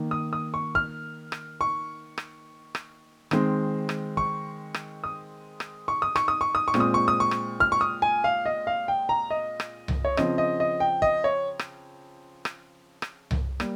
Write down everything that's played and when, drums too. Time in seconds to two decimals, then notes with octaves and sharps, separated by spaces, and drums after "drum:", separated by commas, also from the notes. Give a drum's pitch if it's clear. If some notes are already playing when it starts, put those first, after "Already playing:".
Already playing: D#3 A#3
0.11 D#6
0.33 D#6
0.54 C#6
0.75 F6, drum: kick
1.32 drum: rim click
1.61 C#6
2.18 drum: rim click
2.75 drum: rim click
3.31 D#3 G#3 C4, drum: rim click
3.89 drum: rim click
4.17 C#6, drum: kick
4.74 drum: rim click
5.04 D#6
5.60 drum: rim click
5.88 C#6
6.02 D#6
6.16 C#6, drum: rim click
6.28 D#6
6.41 C#6
6.55 D#6
6.68 C#6
6.74 A#2 G#3 C4, drum: rim click
6.80 D#6
6.94 C#6
7.08 D#6
7.20 C#6
7.31 drum: rim click
7.60 F6, drum: kick
7.72 C#6
7.81 D#6
8.02 G#5
8.24 F5
8.46 D#5
8.67 F5
8.88 G5
9.09 A#5
9.31 D#5
9.60 drum: rim click
9.88 drum: tom C2
10.05 C#5
10.17 C#3 F3 C4 D#5, drum: rim click
10.38 D#5
10.60 D#5
10.80 G5
11.02 D#5, drum: kick
11.24 C#5
11.59 drum: rim click
12.45 drum: rim click
13.02 drum: rim click
13.31 drum: tom C2
13.60 G3 A#3, drum: rim click